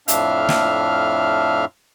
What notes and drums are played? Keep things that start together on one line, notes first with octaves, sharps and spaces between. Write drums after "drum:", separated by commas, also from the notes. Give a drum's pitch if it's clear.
F2 A2 D4 E5 F5 F6, drum: hi-hat
drum: snare